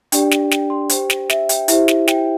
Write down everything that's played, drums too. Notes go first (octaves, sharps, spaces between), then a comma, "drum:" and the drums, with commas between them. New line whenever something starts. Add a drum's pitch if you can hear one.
D4 G4 D5 G5, drum: hi-hat
drum: snare
G5, drum: snare
C6
G4 C5 G5, drum: hi-hat
drum: snare
E5, drum: snare
G5, drum: hi-hat
E4 G4 C5 E5, drum: hi-hat
drum: snare
G5, drum: snare